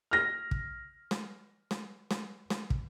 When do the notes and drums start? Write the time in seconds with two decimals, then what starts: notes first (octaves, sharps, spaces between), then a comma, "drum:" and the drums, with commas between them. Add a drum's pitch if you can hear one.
0.11 F6 A#6
0.51 drum: kick
1.11 drum: snare
1.71 drum: snare
2.11 drum: snare
2.50 drum: snare
2.70 drum: kick